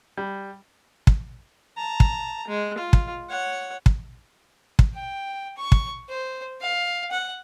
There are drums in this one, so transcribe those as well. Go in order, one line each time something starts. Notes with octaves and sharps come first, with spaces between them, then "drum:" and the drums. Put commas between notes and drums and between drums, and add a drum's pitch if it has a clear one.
G3
drum: kick
A5 A#5
drum: kick
G#3
F4
drum: kick
C#5 F#5
drum: kick
drum: kick
G5
C#6
drum: kick
C5
F5
F#5